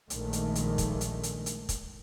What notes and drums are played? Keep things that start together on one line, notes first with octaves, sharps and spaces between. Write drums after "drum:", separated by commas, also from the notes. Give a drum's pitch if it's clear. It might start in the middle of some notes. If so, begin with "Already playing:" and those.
A#1 D#3 G#3 A3, drum: hi-hat
drum: hi-hat
drum: hi-hat
drum: kick, hi-hat
drum: hi-hat
drum: hi-hat
drum: hi-hat
drum: kick, hi-hat